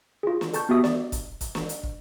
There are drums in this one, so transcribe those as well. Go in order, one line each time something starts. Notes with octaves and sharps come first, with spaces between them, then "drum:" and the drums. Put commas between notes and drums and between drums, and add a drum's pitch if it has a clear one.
F4 G#4
drum: snare
A4 A5 C#6 G6, drum: hi-hat
B3 F#4 G4 E5 D#6
D5, drum: snare
drum: kick, hi-hat
drum: kick, hi-hat
drum: snare
drum: hi-hat
drum: kick